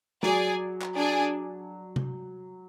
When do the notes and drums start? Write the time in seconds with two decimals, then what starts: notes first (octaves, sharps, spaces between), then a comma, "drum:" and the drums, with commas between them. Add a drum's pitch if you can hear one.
0.23 F#3 G#4 D5 G#5, drum: snare
0.82 drum: clap
0.95 D4 G#4 D5 G#5
1.96 drum: tom C3